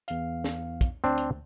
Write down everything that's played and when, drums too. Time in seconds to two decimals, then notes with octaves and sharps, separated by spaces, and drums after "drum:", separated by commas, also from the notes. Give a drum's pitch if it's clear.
0.08 E2 F5, drum: hi-hat
0.44 drum: snare
0.81 drum: kick, hi-hat
1.04 D2 C4 D4
1.17 drum: hi-hat